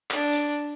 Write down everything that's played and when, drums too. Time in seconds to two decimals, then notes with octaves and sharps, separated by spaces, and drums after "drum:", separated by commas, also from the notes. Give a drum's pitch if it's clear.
0.11 D4, drum: clap
0.33 drum: hi-hat